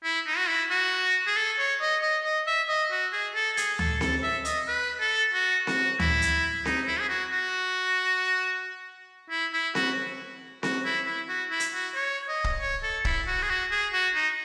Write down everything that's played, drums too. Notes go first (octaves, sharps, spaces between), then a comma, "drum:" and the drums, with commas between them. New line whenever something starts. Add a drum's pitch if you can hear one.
E4
D#4
F#4
E4
F#4
G#4
A4
C#5
D#5
D#5
D#5
E5
D#5
F#4
G#4
A4
G#4, drum: hi-hat
A4, drum: tom D2
A4, drum: snare C4
E5
D#5, drum: hi-hat
B4
A4
F#4
F#4, drum: snare C4
E4, drum: tom D2
drum: hi-hat
D#4, drum: snare C4
E4
G#4
F#4
F#4
E4
E4
F#4, drum: snare C4
F#4, drum: snare C4
E4
E4
F#4
E4
drum: hi-hat
F#4
C#5
D#5
drum: kick
C#5
A4
E4, drum: kick
F#4
G#4
F#4
G#4
F#4
D#4